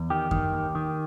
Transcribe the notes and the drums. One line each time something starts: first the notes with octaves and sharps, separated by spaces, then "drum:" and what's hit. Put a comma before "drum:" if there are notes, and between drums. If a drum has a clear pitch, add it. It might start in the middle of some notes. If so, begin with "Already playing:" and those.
Already playing: E2
D#3 G4
D#3, drum: kick F#2
D#2
D#3